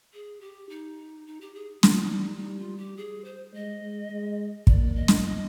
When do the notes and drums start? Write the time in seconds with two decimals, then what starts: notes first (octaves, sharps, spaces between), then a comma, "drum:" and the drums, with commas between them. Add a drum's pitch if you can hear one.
0.14 G#4
0.41 G4
0.69 D#4
1.27 D#4
1.41 G4
1.54 G#4
1.83 G3 F4, drum: snare
2.03 D#4
2.22 D#4
2.40 D#4
2.59 F4
2.78 G4
2.97 G#4
3.25 C5
3.53 G#3 D#5
3.82 G#3
4.10 G#3
4.67 A#3 D5, drum: kick
4.95 D#5
5.08 drum: snare
5.24 D#5